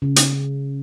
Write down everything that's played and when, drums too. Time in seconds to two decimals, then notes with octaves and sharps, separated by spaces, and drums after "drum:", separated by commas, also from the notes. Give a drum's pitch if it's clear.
0.02 C#3
0.16 drum: hi-hat